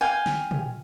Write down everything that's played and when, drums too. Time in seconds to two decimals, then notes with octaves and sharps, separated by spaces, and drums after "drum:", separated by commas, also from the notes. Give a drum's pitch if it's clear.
0.01 F5 G5 G#5
0.26 drum: snare
0.51 drum: tom